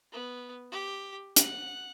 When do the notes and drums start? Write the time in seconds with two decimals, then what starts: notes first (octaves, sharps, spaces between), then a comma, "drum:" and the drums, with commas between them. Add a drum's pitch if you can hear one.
0.12 B3
0.72 G4
1.36 F#5, drum: hi-hat